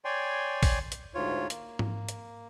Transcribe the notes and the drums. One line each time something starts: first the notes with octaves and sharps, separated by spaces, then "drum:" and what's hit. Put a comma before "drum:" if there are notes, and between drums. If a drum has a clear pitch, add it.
C#5 D5 G5 G#5 C6
drum: kick, open hi-hat
drum: hi-hat
D2 G#2 F4 C#5
A#3, drum: hi-hat
drum: tom G#2
drum: hi-hat